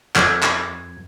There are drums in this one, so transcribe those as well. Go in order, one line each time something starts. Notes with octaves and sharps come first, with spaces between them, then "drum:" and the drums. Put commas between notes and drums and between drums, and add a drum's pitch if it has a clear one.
F2 G#6, drum: clap
drum: clap